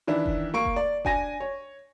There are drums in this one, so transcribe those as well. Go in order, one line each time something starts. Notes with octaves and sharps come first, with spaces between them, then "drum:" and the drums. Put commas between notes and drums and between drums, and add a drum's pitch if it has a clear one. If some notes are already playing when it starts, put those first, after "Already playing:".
D#3 E3 D4 E4
drum: kick F1
A#3 C#6 D7
drum: kick F1
D5
D4 G#5 A#6, drum: kick F1
C#5